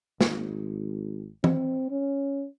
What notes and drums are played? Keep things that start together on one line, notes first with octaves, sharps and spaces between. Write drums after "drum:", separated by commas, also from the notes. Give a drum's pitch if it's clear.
G#1, drum: snare
C4, drum: tom E3
C#4